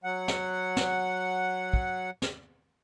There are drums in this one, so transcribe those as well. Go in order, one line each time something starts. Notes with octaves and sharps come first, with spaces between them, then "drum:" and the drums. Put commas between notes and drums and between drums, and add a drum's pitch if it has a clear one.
F#3 F#5
drum: snare
drum: snare
drum: kick
drum: snare